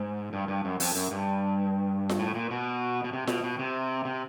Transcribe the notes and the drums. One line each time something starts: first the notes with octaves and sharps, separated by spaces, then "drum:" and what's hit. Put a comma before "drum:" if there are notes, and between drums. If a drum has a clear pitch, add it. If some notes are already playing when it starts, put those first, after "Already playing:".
Already playing: G#2
G2
G2
F#2
F2, drum: open hi-hat
F#2
G2
drum: snare F4
A2
A#2
B2
B2
C3
B2, drum: snare F4
B2
C3
C3